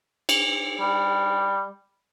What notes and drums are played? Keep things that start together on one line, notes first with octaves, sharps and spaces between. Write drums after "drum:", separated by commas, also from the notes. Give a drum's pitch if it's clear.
drum: cymbal
G3